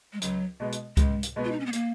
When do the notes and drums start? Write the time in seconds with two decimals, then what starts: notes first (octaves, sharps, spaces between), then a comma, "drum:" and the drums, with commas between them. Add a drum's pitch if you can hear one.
0.13 G#3
0.22 C#2 F#3, drum: hi-hat
0.60 B2 G#3 B3
0.72 drum: hi-hat
0.97 C#2 G#3, drum: kick C#2, hi-hat
1.23 drum: hi-hat
1.36 B2 G#3 B3
1.45 F4
1.52 D#4
1.60 C#4
1.66 B3
1.73 A#3, drum: hi-hat